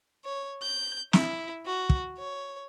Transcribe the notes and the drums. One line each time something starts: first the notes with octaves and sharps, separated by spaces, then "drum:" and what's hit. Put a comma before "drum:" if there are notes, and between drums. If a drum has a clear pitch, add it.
C#5
G6
E4, drum: snare
F#4
drum: kick
C#5